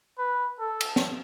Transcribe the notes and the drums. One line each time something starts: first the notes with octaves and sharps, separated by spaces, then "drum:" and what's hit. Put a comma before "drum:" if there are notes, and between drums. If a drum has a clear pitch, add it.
B4
A4
drum: cymbal
drum: snare